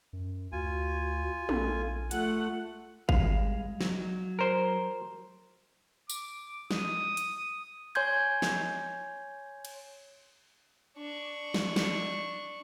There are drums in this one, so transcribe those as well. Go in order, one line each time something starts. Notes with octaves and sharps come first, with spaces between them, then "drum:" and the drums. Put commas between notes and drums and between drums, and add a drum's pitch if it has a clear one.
F#2
D2 F4 F#4 G#5
A#1 A4, drum: tom
A3 F4 A4 F#5, drum: hi-hat
G3 G#3 F5, drum: kick G#1
F#3, drum: snare
A#4 C5
D6, drum: tambourine
D#6, drum: snare
drum: hi-hat
C#5 G#5 C6 G6 G#6
drum: snare
drum: cymbal
D4 C#6
drum: snare
drum: snare